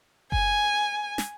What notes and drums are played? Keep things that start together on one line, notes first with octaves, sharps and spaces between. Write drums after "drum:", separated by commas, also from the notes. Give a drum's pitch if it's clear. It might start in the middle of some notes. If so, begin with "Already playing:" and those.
G#5, drum: kick F#1
drum: snare